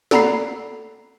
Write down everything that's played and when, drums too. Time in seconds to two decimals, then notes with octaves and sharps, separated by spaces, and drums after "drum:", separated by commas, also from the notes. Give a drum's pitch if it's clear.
0.11 A4 D5 F#5 A#5 B5 C7, drum: snare